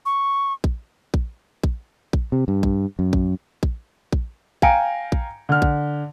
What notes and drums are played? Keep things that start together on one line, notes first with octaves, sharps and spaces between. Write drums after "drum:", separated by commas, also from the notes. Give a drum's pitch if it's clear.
C#6
drum: kick A#1
drum: kick A#1
drum: kick A#1
drum: kick A#1
C3
G2
drum: kick A#1
F#2
drum: kick A#1
drum: kick A#1
drum: kick A#1
F5 G5 G#5 A#5 C#7 D7, drum: kick A#1
drum: kick A#1
D3 F6
drum: kick A#1